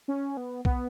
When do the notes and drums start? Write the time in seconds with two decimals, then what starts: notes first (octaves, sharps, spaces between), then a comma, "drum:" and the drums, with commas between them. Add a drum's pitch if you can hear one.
0.08 C#4
0.37 B3
0.65 B3, drum: kick B1